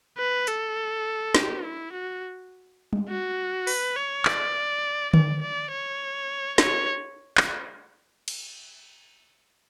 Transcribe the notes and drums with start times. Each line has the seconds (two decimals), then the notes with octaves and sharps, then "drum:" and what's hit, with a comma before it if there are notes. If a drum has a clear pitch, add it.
0.18 B4
0.47 A4, drum: hi-hat
1.35 G4, drum: snare
1.64 E4
1.93 F#4
2.93 drum: tom G3
3.09 F#4
3.67 B4, drum: open hi-hat
3.96 C#5
4.25 D5, drum: clap
5.14 D5, drum: tom D3
5.42 D5
5.72 C#5
6.58 C#5, drum: snare
7.37 drum: clap
8.28 drum: cymbal